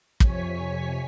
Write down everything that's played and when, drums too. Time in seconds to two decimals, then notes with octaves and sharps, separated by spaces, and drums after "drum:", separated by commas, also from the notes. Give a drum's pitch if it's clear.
0.20 F2 C3 C#5 G#5 C#6 B6, drum: kick